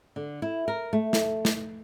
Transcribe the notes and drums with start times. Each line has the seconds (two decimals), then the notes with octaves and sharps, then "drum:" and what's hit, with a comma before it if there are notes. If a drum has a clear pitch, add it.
0.16 D3
0.42 E4
0.68 A#4
0.93 A3
1.13 drum: snare
1.45 drum: snare